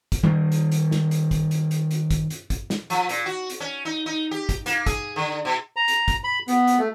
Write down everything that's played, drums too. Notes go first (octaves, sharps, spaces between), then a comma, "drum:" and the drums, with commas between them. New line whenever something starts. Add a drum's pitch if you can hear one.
drum: kick, hi-hat
D#3 G3 A#3
drum: hi-hat
drum: hi-hat
drum: snare
drum: hi-hat
drum: kick, hi-hat
drum: hi-hat
drum: hi-hat
drum: hi-hat
drum: kick, hi-hat
drum: hi-hat
drum: kick, hi-hat
drum: snare
F3, drum: hi-hat
A#2, drum: hi-hat
F#4
drum: hi-hat
C#4
D#4
D#4
G4
drum: kick, hi-hat
A#3, drum: hi-hat
G#4, drum: kick, hi-hat
D3
B2
A#5
drum: hi-hat
drum: kick, hi-hat
B5
B3, drum: hi-hat
drum: hi-hat
A3